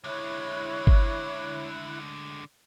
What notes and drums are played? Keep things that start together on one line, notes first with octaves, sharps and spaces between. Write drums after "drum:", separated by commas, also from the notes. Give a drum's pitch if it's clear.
D3 G#3 E4 C#5 F#6
drum: kick G1